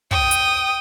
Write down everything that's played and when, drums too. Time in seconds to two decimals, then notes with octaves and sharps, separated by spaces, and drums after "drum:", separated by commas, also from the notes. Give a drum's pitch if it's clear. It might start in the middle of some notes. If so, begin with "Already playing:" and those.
0.11 G5 D#6, drum: kick
0.31 drum: hi-hat